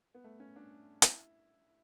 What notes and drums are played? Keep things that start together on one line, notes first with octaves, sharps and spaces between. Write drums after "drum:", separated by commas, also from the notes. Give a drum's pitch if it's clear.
B3
A3
C#4
D4
E4, drum: hi-hat